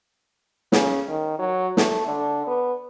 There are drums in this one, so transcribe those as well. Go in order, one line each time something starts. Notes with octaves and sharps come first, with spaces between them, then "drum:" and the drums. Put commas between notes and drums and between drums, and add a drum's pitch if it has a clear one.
C#3, drum: snare
D#3
F#3
A3, drum: snare
D3
B3